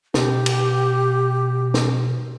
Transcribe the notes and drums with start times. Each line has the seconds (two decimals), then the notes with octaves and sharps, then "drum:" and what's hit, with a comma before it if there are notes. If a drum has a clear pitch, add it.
0.14 B2 G4, drum: snare
0.46 drum: cymbal
1.74 drum: snare